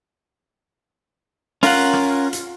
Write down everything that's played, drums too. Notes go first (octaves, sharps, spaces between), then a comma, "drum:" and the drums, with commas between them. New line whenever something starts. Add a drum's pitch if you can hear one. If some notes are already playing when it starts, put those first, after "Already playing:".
C#4 F4 A#4 F#5, drum: open hi-hat
drum: rim click
drum: hi-hat